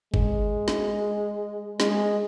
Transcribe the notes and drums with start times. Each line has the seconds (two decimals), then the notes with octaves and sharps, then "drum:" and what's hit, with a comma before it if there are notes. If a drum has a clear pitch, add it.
0.14 G#3, drum: kick
0.68 drum: snare
1.80 G#3, drum: snare